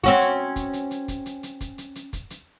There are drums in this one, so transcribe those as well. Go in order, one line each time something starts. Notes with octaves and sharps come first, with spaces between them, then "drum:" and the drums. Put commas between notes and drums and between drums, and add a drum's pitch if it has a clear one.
C4 C#4 F#4, drum: kick, hi-hat
drum: hi-hat
drum: kick, hi-hat
drum: hi-hat
drum: hi-hat
drum: kick, hi-hat
drum: hi-hat
drum: hi-hat
drum: kick, hi-hat
drum: hi-hat
drum: hi-hat
drum: kick, hi-hat
drum: hi-hat